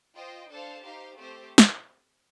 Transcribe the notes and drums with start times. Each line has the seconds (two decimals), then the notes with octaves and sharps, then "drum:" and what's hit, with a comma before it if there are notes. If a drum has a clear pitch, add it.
0.16 F4 C5 D#5 G5
0.50 D4 A4 C5 F5 A5
0.83 D#4 G4 C5 F5
1.19 A3 C4 G4 C5
1.58 drum: snare